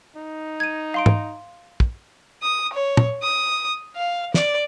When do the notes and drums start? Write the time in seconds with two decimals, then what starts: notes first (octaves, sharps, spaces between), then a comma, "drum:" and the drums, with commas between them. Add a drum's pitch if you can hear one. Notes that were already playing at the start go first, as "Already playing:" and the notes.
0.16 D#4
0.60 G#6 D#7
0.94 F5 C6 D7
1.06 drum: tom
1.80 drum: kick
2.42 D#6
2.73 C#5
2.97 drum: tom
3.23 D#6
3.96 F5
4.34 D5, drum: snare